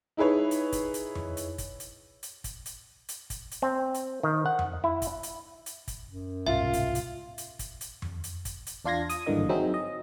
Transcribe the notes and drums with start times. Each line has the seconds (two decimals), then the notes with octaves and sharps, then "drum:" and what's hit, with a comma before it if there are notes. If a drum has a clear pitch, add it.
0.17 D#4 E4 G#4 B4 C#5
0.51 drum: hi-hat
0.72 drum: kick, hi-hat
0.94 drum: hi-hat
1.15 drum: tom F2
1.37 drum: hi-hat
1.58 drum: kick, hi-hat
1.80 drum: hi-hat
2.23 drum: hi-hat
2.44 drum: kick, hi-hat
2.66 drum: hi-hat
3.09 drum: hi-hat
3.30 drum: kick, hi-hat
3.51 drum: hi-hat
3.62 C4
3.94 drum: hi-hat
4.23 D#3
4.46 F#5
4.59 drum: tom F2
4.84 E4
5.02 drum: kick, hi-hat
5.23 drum: hi-hat
5.66 drum: hi-hat
5.88 drum: kick, hi-hat
6.06 F#2
6.47 C2 G#2 B2 F4 E5
6.73 drum: kick, hi-hat
6.95 drum: hi-hat
7.38 drum: hi-hat
7.59 drum: kick, hi-hat
7.81 drum: hi-hat
8.02 drum: tom F2
8.24 drum: hi-hat
8.45 drum: kick, hi-hat
8.67 drum: hi-hat
8.85 E2 D4 F4 C6 G#6 A#6
9.09 D#6, drum: hi-hat
9.26 G#1 G2 D3 E3 A#3 D#5
9.49 F#3 C4 D#4 G#4 E5
9.74 D#5